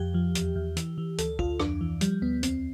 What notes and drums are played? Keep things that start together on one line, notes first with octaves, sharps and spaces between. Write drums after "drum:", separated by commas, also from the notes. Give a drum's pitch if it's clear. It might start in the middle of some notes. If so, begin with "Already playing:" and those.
Already playing: F2 G4
F3
E2, drum: hi-hat
E2
E3, drum: hi-hat
E3
D2 A4, drum: hi-hat
D2 F4, drum: kick
F2 D4, drum: rim click
E3
F3 G3, drum: hi-hat
D2 B3
E2 C4, drum: hi-hat